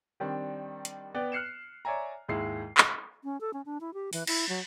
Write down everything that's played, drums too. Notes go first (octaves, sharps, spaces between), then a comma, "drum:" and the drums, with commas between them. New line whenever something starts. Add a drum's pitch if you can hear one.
D#3 G3 C4 D4
drum: hi-hat
B3 B4 D5 G5
F6 F#6 C7 C#7 E7
C#5 D5 E5 G#5 A#5
D#2 G#2 G#3 E4 C7
drum: clap
C#4
A4
C#4
D4
E4
G4
E3, drum: open hi-hat
E4, drum: cymbal
F#3